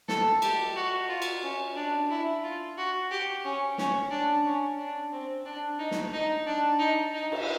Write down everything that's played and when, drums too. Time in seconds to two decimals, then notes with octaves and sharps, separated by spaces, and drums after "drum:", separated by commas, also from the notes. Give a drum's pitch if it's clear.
0.08 A4, drum: snare
0.42 G4, drum: cymbal
0.76 F#4
1.09 F4
1.22 drum: cymbal
1.43 C#4
1.76 D4
2.10 E4
2.43 F4
2.78 F#4
3.11 G4
3.45 C#4
3.78 C#4, drum: snare
4.11 D4
4.46 C#4
4.78 D4
5.12 C4
5.46 D4
5.79 D#4
5.91 drum: snare
6.13 D#4
6.47 D4
6.80 D#4
7.14 D#4
7.32 drum: cymbal